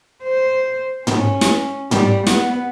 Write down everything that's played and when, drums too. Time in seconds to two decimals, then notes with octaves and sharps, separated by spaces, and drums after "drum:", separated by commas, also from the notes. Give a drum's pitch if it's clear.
0.23 C5
1.07 C#4, drum: tom
1.41 drum: snare
1.91 G3, drum: tom
2.27 B3, drum: snare